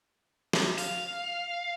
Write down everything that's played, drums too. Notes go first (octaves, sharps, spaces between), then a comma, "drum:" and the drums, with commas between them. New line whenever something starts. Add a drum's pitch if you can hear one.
drum: snare
F5, drum: open hi-hat